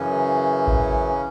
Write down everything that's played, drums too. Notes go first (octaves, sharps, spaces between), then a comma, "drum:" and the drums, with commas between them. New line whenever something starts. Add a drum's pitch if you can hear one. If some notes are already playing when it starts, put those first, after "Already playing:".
Already playing: F#2 C#3 E3 C#4
drum: kick A1